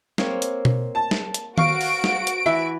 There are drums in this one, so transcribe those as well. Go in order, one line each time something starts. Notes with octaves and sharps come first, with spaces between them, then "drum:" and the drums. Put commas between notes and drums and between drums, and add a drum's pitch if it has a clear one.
A#3 C4 C#5, drum: snare
drum: hi-hat
drum: tom B2
A5
drum: snare
drum: hi-hat
F#4 F5 C#6 D7, drum: tom D#3
drum: open hi-hat
drum: snare
drum: hi-hat
E3 B4 E5